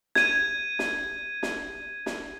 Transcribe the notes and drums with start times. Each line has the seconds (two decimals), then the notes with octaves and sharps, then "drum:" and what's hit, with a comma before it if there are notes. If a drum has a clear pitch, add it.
0.15 G#6 D#7, drum: snare
0.79 drum: snare
1.43 drum: snare
2.06 drum: snare